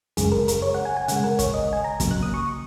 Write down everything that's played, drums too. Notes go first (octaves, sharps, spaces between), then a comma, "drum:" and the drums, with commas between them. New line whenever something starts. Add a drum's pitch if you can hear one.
F#2 C#3 G#3 G#4, drum: kick, hi-hat
A#4
A#4, drum: hi-hat
C#5
F#5
G#5
G#5
C#3 G#3 F#5, drum: hi-hat
A#4
C#5, drum: kick, hi-hat
D#5
G#5
A#5
C#3 F#3 A#3, drum: kick, hi-hat
F#6
D#6
C#6